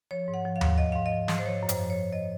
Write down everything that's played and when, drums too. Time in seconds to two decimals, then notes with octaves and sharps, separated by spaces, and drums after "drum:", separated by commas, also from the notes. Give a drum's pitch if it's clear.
0.11 F3 C#5
0.28 G#2
0.34 F#5
0.45 F3
0.56 F5
0.61 G#2, drum: tom D#2
0.78 F3 D#5
0.92 G#2 F5
1.06 D#5
1.12 F3
1.28 G#2, drum: snare
1.38 C5
1.46 F3 C#5
1.63 F#2
1.69 C5, drum: hi-hat
1.79 F3
1.90 C#5
1.96 F#2
2.12 F3 D#5